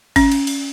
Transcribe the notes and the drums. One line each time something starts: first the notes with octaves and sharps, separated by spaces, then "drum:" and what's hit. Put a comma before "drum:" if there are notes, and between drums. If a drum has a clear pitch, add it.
C#4, drum: kick, cymbal
drum: cymbal
drum: cymbal